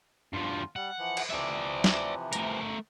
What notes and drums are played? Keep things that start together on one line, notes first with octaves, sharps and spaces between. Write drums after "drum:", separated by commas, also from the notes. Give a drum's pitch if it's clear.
E2 G2 F3 F4
G3 F#5
E3 F3
drum: cymbal
C3 E3 F3 D5 E5
drum: snare
A3 A#4, drum: hi-hat